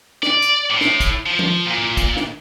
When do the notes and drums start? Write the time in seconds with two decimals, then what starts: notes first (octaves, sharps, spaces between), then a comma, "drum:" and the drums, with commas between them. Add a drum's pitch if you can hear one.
0.23 D5, drum: snare
0.42 drum: hi-hat
0.70 A2
0.81 drum: snare
1.00 drum: kick, hi-hat
1.26 F3
1.39 drum: tom F3
1.66 A#2
1.78 drum: tom A2
1.97 drum: kick, hi-hat
2.17 drum: snare